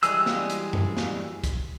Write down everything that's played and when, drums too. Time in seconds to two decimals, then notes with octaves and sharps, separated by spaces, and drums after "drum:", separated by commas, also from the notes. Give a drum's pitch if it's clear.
0.03 E3 G3 G#3 G#4 E6, drum: hi-hat
0.26 drum: snare
0.50 drum: hi-hat
0.73 drum: tom F#2
0.97 drum: snare
1.44 drum: kick, hi-hat